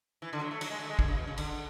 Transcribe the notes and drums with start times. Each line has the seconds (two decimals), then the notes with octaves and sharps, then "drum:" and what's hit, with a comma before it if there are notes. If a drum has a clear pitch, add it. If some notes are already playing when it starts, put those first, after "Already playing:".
0.22 E3
0.33 D3
0.41 F#3
0.51 A3
0.61 F#3, drum: cymbal
0.70 G#3
0.80 A3
0.90 G#3
0.99 D3, drum: kick
1.08 C#3
1.17 B2
1.27 C#3
1.37 D3, drum: cymbal